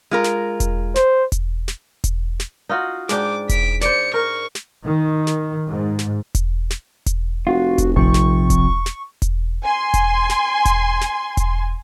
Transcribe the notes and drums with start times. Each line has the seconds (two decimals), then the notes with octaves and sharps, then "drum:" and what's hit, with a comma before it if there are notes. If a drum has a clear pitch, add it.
0.11 G#3 F4 A#4
0.24 drum: snare
0.60 drum: kick E1, hi-hat
0.96 C5, drum: snare
1.32 drum: kick E1, hi-hat
1.68 drum: snare
2.04 drum: kick E1, hi-hat
2.40 drum: snare
2.69 D#4 F4 F#4
3.09 G#2 D4 G5 D6, drum: snare
3.49 B6 D7, drum: kick E1, hi-hat
3.81 C5 D5 C#7, drum: snare
4.14 A#4 C#6
4.55 drum: snare
4.84 D#3
5.27 drum: snare
5.68 G#2
5.99 drum: snare
6.35 drum: kick E1, hi-hat
6.70 drum: snare
7.06 drum: kick E1, hi-hat
7.47 F1 F4 F#4
7.78 drum: kick E1, hi-hat
7.96 A#1 C3 F3 C#6
8.14 drum: snare
8.50 drum: kick E1, hi-hat
8.86 drum: snare
9.22 drum: kick E1, hi-hat
9.63 G#5 C6
9.94 drum: kick E1, hi-hat
10.30 drum: snare
10.65 drum: kick E1, hi-hat
11.01 drum: snare
11.37 drum: kick E1, hi-hat